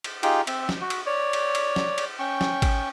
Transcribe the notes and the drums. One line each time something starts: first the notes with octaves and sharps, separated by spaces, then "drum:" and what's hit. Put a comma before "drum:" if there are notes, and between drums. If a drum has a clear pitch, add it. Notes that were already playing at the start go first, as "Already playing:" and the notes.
drum: cymbal
D#4 F4 G4 G#4 G5, drum: cymbal
C4 E5, drum: cymbal
drum: snare
F#4
drum: cymbal
C#5 D5
drum: cymbal
drum: cymbal
drum: snare
drum: cymbal
C#4 G5 C#6
drum: snare
drum: kick G#1, cymbal